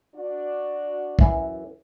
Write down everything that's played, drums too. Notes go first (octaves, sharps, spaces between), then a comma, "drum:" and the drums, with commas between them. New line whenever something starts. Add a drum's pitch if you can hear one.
D4 F#4 D5
F#2 E3, drum: kick